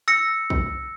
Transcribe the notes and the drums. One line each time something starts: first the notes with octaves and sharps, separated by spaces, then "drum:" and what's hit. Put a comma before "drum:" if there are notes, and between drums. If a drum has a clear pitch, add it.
E6 A#6 C#7
drum: kick